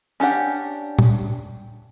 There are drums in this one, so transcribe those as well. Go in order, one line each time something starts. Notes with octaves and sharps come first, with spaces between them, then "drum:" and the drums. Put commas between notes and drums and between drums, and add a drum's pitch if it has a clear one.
C#4 D4 G4 F#5
drum: tom A#2